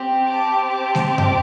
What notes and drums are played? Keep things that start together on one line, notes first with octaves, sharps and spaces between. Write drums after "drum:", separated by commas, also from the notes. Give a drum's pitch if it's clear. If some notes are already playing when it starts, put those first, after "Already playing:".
Already playing: C4 G4
A5 D6
A5 D6
drum: snare G#3
A5 D6
drum: tom F2